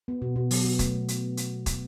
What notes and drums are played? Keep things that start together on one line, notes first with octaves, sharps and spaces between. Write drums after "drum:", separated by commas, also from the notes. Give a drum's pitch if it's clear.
B3
B2
B2
F#3, drum: open hi-hat
B3
A3, drum: kick, hi-hat
A3
drum: hi-hat
drum: hi-hat
drum: kick, hi-hat